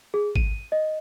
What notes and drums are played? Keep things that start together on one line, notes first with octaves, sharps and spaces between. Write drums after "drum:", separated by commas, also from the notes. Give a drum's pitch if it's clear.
G#4
D#7, drum: kick G#1
D#5